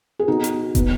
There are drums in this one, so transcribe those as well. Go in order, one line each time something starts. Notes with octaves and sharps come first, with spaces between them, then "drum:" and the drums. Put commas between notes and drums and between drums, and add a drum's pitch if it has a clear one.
G#4
B2 D#4 F#4
drum: hi-hat
B2, drum: kick, hi-hat